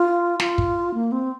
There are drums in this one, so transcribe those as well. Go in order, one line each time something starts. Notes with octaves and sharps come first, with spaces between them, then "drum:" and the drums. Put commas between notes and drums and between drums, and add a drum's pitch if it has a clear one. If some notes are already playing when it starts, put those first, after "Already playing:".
Already playing: F4
F4, drum: snare
drum: kick
A#3
C4